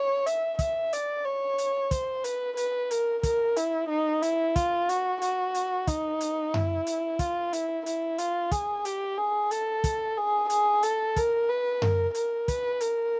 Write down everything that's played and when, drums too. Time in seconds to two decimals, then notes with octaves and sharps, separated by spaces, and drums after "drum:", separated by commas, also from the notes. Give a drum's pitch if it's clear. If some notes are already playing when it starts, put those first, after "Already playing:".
Already playing: C#5
0.27 E5, drum: hi-hat
0.59 E5, drum: kick, hi-hat
0.93 D5, drum: hi-hat
1.25 C#5
1.58 drum: hi-hat
1.91 C5, drum: kick, hi-hat
2.24 B4, drum: hi-hat
2.57 B4, drum: hi-hat
2.91 A#4, drum: hi-hat
3.23 A#4, drum: kick, hi-hat
3.56 E4, drum: hi-hat
3.89 D#4
4.22 E4, drum: hi-hat
4.56 F4, drum: kick, hi-hat
4.89 F#4, drum: hi-hat
5.22 F#4, drum: hi-hat
5.55 drum: hi-hat
5.87 D#4, drum: kick, hi-hat
6.21 drum: hi-hat
6.54 E4, drum: tom F#2
6.87 drum: hi-hat
7.19 F4, drum: kick, hi-hat
7.53 E4, drum: hi-hat
7.86 E4, drum: hi-hat
8.18 F4, drum: hi-hat
8.52 G#4, drum: kick, hi-hat
8.85 G4, drum: hi-hat
9.18 G#4
9.51 A4, drum: hi-hat
9.84 drum: kick, hi-hat
10.17 G#4
10.50 G#4, drum: hi-hat
10.83 A4, drum: hi-hat
11.16 A#4, drum: kick, hi-hat
11.49 B4
11.82 A#4, drum: tom F#2
12.15 A#4, drum: hi-hat
12.48 B4, drum: kick, hi-hat
12.81 A#4, drum: hi-hat